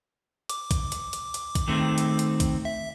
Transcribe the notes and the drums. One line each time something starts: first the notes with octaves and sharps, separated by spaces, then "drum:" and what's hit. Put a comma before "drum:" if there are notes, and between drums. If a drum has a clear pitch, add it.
D6, drum: hi-hat
drum: kick B1, hi-hat
drum: hi-hat
drum: hi-hat
drum: hi-hat
drum: kick B1, hi-hat
D#3 A3 C4
drum: hi-hat
drum: hi-hat
drum: kick B1, hi-hat
E5